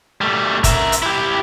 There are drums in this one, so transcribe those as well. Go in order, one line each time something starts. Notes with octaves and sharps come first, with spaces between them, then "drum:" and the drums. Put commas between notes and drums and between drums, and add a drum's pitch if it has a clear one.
G3 A3
A#4 E5, drum: kick, hi-hat
drum: hi-hat
E4 G4